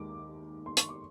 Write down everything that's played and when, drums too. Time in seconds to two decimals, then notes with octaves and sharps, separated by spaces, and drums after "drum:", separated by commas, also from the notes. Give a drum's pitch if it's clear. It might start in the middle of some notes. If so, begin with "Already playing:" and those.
Already playing: D#2 D#3 G#3 D6
0.66 C6
0.77 C#6, drum: hi-hat
0.89 D6